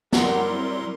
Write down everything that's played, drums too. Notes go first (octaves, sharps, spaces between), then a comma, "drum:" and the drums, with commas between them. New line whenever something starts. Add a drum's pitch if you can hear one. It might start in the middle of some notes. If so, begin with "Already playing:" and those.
F#3 G3 A#4 F#5 C6, drum: snare
C4 E4 D5